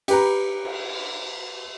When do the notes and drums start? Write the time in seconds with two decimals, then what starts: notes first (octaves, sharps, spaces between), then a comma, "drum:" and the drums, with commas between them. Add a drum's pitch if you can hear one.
0.08 G4 B4 A#5, drum: cymbal
0.65 drum: cymbal